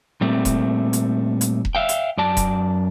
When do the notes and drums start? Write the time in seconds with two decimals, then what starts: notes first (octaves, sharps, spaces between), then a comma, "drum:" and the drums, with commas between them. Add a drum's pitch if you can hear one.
0.21 A#2 G3 A3 C4
0.45 drum: kick E1, hi-hat
0.93 drum: hi-hat
1.41 drum: hi-hat
1.65 drum: kick E1
1.75 E5 F5 G5
1.89 drum: hi-hat
2.18 F#2 D5 A5
2.37 drum: kick E1, hi-hat